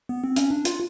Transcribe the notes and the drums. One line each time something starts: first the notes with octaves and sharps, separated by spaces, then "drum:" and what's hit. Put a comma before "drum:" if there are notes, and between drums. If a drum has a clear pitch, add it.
B3
C4
C#4, drum: hi-hat
D4
F4, drum: hi-hat